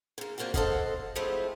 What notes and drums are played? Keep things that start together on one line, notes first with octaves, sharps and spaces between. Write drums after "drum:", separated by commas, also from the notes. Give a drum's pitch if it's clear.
G#2 A#3
F3 A#3 C4 D4 F#4
A4 A#4 C5 D#5 F5 F#5, drum: kick
F3 G#3 A3 C4 E4